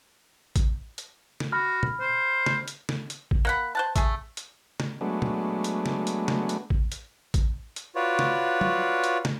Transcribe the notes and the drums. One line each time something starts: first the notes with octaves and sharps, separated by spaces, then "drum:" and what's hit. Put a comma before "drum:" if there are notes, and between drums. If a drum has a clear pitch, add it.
drum: kick A1, hi-hat
drum: hi-hat
drum: snare
F#4 B5 F6
drum: tom
C5
drum: snare
drum: hi-hat
drum: snare
drum: hi-hat
drum: kick A1
A#3 F#5 B5
C5 F#5 A5
A3 G#4, drum: kick A1, hi-hat
drum: hi-hat
drum: snare
F#3 G#3 A3 B3 D4
drum: tom
drum: hi-hat
drum: snare
drum: hi-hat
drum: snare
drum: hi-hat
drum: kick A1
drum: hi-hat
drum: kick A1, hi-hat
drum: hi-hat
F4 F#4 B4 C#5 D5
drum: snare
drum: tom F#3
drum: hi-hat
drum: snare